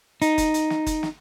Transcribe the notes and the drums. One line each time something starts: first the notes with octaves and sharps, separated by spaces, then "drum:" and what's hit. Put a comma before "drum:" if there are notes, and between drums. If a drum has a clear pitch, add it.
D#4, drum: hi-hat
drum: kick F#1, hi-hat
drum: hi-hat
drum: snare
drum: kick F#1, hi-hat
drum: snare